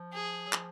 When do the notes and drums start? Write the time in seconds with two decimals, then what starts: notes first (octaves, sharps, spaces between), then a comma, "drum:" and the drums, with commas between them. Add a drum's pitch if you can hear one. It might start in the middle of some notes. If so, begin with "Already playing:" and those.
Already playing: F3
0.13 G#4
0.47 F#3
0.53 F3, drum: clap